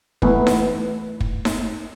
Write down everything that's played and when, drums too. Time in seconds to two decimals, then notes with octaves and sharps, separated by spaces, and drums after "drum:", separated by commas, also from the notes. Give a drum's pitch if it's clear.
0.22 E3 A3 B3 E4 B4, drum: kick
0.47 drum: snare D#4
1.20 drum: kick
1.45 drum: snare D#4